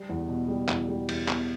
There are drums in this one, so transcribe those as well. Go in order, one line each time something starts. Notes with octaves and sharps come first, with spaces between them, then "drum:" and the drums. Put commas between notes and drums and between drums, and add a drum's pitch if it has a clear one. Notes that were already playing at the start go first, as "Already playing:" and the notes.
Already playing: G3
E2
B2
G3
E2, drum: clap
G3
E2, drum: cymbal
B2, drum: clap